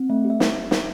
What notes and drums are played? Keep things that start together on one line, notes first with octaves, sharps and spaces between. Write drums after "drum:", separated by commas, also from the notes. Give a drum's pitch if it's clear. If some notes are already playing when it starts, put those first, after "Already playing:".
Already playing: C4
A3 E5
G4
E5
drum: snare
drum: snare